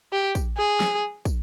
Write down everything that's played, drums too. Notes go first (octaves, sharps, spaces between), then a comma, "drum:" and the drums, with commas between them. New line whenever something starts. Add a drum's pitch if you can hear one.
G4
drum: kick, tambourine
G#4
drum: snare
drum: kick, tambourine